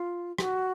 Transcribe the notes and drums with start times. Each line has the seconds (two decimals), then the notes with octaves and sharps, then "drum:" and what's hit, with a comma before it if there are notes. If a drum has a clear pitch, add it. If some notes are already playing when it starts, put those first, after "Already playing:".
Already playing: F4
0.38 F#4, drum: rim click